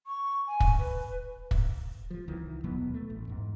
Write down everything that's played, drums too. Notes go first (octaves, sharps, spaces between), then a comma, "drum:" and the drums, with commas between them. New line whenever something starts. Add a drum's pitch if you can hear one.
C#6
G#5
drum: kick
B4
drum: kick
F3
C2 D#3 E3
D#1 B2 F#3 B3
A3
A1
E2 G#2